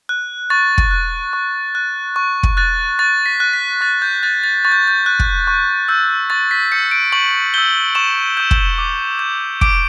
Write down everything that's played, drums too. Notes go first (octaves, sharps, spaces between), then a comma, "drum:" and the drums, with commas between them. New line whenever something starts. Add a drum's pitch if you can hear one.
F#6
C#6 A6
drum: kick
F#6
C#6
F#6
C#6
drum: kick
F#6 A6
C#6 A6
B6
F#6
B6
C#6 A6
G6
F#6 A6
A6
C#6 A6
G6
G6
F#6
drum: kick
C#6
E6 G6
C#6 A6
B6
E6 G6 C#7
D7
C#6 F#7
E6 G6 G7
C#6 E7
E6 G6
drum: kick
D6
G6
D6 D7, drum: kick